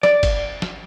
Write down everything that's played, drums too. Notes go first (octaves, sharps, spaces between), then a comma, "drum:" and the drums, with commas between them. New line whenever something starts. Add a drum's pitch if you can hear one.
D5, drum: snare
drum: kick F#1, cymbal
drum: snare